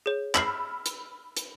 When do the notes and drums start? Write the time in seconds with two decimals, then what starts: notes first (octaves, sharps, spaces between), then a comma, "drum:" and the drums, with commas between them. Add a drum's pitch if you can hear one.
0.06 G#4 C#5
0.35 B5 E6 F6 C7 F#7, drum: clap
0.86 drum: hi-hat
1.37 drum: hi-hat